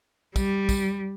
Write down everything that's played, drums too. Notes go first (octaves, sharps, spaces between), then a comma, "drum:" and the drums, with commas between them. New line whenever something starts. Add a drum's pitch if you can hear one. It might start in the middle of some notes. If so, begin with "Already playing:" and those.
G3, drum: kick, tambourine
drum: kick, tambourine